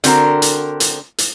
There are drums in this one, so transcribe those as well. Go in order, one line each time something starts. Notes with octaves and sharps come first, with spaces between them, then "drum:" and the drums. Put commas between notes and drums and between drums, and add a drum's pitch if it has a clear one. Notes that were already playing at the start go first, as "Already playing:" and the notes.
D3 C4 F#4 A#4, drum: hi-hat
drum: hi-hat
drum: hi-hat
drum: hi-hat